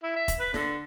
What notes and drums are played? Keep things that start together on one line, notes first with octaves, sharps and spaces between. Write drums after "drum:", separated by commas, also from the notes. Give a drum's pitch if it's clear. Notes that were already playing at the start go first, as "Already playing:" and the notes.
E4
E5
drum: kick, hi-hat
B4
D3, drum: snare